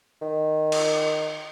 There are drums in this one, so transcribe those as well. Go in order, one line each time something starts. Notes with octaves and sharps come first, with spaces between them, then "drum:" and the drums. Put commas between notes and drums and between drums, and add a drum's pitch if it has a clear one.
D#3
drum: cymbal